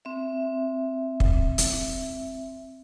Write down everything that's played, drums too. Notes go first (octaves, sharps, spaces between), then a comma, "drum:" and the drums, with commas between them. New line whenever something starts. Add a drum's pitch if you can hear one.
C4 E5
drum: kick
drum: hi-hat